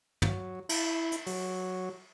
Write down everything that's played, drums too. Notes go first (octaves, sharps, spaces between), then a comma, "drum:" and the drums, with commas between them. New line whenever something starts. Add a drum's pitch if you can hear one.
F#3, drum: tom
E4, drum: cymbal
drum: hi-hat
F#3, drum: open hi-hat